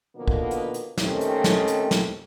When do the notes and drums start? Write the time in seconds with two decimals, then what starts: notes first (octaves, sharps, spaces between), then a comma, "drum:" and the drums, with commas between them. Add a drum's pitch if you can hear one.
0.16 B2 D3 D#3 F3 A#3 B3
0.28 drum: kick
0.51 drum: hi-hat
0.74 drum: hi-hat
0.98 D#2 C3 D#3 A3 C4 C#4, drum: snare
1.21 drum: hi-hat
1.44 drum: snare
1.68 drum: hi-hat
1.91 drum: snare